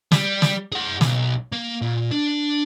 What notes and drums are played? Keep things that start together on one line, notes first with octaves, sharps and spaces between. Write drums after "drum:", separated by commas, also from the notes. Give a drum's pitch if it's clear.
G3, drum: snare
drum: snare
G#4 F#5
B1, drum: snare
A#3
A#2
D4